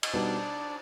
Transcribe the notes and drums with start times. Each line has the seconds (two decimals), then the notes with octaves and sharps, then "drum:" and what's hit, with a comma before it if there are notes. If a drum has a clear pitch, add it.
0.03 D#5, drum: cymbal
0.13 B2 G3 B3 D4 D#4 D5